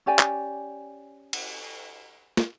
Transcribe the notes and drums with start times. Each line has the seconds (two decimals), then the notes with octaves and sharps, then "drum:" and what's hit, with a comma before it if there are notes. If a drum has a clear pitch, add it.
0.06 C#4 G4 D5 G#5
0.19 drum: clap
1.33 drum: cymbal
2.37 drum: snare